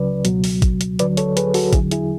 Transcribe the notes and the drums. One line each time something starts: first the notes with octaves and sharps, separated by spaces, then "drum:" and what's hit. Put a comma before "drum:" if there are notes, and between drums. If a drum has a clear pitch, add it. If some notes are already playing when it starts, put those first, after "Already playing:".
Already playing: C#2 C#3 F#3 B4 D5
C#2 B2 F#3, drum: hi-hat
drum: open hi-hat
drum: kick, hi-hat
drum: hi-hat
D2 D3 F#3 B4 D5, drum: hi-hat
A4 C#5, drum: hi-hat
G#4 B4, drum: hi-hat
F#4 A4, drum: open hi-hat
E2 D3 F#3 E4 G#4, drum: kick, hi-hat
E4 G#4, drum: hi-hat